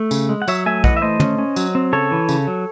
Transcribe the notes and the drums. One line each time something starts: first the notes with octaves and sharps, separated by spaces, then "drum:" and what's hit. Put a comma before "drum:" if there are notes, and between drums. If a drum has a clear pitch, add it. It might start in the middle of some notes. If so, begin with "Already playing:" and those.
Already playing: A3
C#3, drum: tambourine
G#3
F#5
F#3 C#5 E5, drum: tambourine
A3 E5 G#5
E3 D#5 F#5, drum: kick
E5
A3 C5 D#5
C#4, drum: tom
C#4
F#3, drum: tambourine
C4
C#3 A4 C#5
E3
C#3, drum: tambourine
F#3